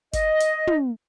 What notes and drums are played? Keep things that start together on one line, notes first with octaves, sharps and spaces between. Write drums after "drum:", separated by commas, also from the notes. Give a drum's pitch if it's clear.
D#5, drum: kick G1, hi-hat
drum: hi-hat
drum: tom